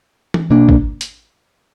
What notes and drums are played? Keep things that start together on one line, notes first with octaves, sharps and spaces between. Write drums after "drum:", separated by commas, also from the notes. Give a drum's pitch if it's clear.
drum: tom E3
B2 A#3 D4
drum: kick
drum: hi-hat